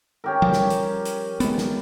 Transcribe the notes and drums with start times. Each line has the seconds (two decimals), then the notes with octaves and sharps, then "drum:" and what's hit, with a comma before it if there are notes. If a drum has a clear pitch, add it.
0.24 C#4 G4 A#4
0.42 F3 G3
0.53 drum: snare
0.70 drum: hi-hat
1.05 drum: hi-hat
1.40 G#3 B3, drum: hi-hat
1.58 drum: snare